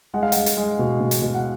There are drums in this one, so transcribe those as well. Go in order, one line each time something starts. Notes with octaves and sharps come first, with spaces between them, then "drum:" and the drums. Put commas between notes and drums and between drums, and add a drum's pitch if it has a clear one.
G#3 F#5
F5
G#3 F#5, drum: hi-hat
drum: hi-hat
G#3
B2
B2
drum: hi-hat
B2
F#5